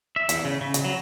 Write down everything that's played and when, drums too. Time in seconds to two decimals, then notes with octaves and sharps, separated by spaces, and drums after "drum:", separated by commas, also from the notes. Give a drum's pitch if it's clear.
0.16 E5
0.29 E2, drum: hi-hat
0.45 C#3
0.61 C#3
0.74 drum: hi-hat
0.85 F#3